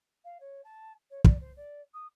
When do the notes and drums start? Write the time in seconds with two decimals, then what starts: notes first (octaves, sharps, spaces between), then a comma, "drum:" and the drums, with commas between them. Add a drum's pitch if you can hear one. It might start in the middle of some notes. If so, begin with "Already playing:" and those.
0.24 F5
0.40 C#5
0.64 A5
1.10 C#5
1.24 D5, drum: kick
1.40 C5
1.56 D5
1.93 D#6